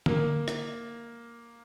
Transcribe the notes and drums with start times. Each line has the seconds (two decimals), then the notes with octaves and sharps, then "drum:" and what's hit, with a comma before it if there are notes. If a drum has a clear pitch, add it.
0.06 A#3, drum: tom D3
0.48 drum: rim click